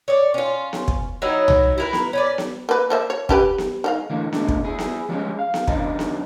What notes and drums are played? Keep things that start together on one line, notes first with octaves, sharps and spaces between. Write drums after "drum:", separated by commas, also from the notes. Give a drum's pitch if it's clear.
C#5 D5
C#4 F4
drum: snare B3
drum: kick
F#3 D#4 E4
drum: tom
E4 A#4 B4
drum: snare B3
C#4 B4 D5
drum: snare B3
A#3 B4
F3 A#3 E5
C#5
C#4 G4 B4, drum: kick
drum: snare B3
D#3 G#3 F5
A2 D3 E3 A#3
A#2 A3 D4, drum: snare B3
drum: kick
E4 G#4
drum: snare B3
F3 G3 G#3 C#4 G#4
F5
drum: snare B3
F#2 D#3 D4 D#4, drum: kick
drum: snare B3